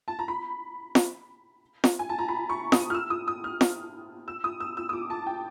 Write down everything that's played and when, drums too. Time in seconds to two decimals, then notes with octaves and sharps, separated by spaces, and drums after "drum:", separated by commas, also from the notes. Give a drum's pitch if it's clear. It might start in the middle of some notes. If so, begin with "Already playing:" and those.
0.08 A5
0.19 A#5
0.28 B5
0.95 drum: snare
1.84 drum: snare
1.99 G#5
2.09 A5
2.19 A#5
2.29 B5
2.49 C#6
2.72 D#6, drum: snare
2.90 F6
2.95 E6
3.10 D#6
3.28 D#6
3.44 F6
3.61 drum: snare
4.28 E6
4.44 D#6
4.60 E6
4.77 E6
4.89 D#6
4.93 D6
5.10 A5
5.27 G5